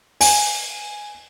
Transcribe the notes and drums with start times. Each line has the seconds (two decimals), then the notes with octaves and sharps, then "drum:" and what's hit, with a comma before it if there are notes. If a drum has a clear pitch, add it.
0.21 G#5, drum: open hi-hat